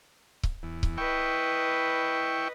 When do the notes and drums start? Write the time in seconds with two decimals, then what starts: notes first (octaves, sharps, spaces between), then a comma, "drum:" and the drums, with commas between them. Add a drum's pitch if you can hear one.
0.43 drum: kick C#1
0.63 E2
0.83 drum: kick C#1
0.98 E4 B4 D#5 G5 C#6